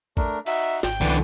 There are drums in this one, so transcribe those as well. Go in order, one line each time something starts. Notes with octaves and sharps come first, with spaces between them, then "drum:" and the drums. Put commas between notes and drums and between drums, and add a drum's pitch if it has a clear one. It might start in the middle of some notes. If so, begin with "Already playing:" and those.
A3 D4 A#4, drum: kick
D#4 F#4 E5, drum: cymbal
G#1 G5, drum: snare
C2 D3 E3 D5